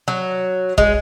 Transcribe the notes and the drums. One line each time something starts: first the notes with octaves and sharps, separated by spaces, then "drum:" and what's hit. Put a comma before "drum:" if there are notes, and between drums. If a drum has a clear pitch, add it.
F#3
G#3, drum: kick